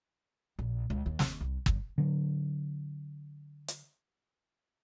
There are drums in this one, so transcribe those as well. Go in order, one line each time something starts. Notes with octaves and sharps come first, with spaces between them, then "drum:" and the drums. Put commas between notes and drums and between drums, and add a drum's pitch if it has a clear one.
A#1
C#2
D#2
drum: snare
C2
G1, drum: kick
D3 F#3
drum: hi-hat